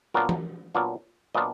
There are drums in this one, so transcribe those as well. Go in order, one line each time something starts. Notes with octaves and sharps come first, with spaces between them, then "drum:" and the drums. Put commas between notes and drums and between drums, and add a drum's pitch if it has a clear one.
A#2 F#3 B3 D4 F4 A#4
drum: tom E3
A#2 F#3 B3 D4 F4
A#2 F#3 B3 D4 F4 D#5